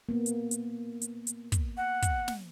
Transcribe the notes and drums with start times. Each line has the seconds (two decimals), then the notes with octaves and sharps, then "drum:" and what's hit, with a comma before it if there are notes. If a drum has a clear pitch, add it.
0.09 A#3 B3
0.26 drum: hi-hat
0.51 drum: hi-hat
1.02 drum: hi-hat
1.27 drum: hi-hat
1.52 drum: kick, hi-hat
1.77 F#5
2.02 drum: kick, hi-hat
2.28 drum: snare